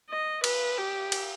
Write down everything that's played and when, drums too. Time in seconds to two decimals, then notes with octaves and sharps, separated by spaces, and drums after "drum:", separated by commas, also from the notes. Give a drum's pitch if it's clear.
0.10 D#5
0.44 B4, drum: cymbal
0.78 G4
1.12 drum: cymbal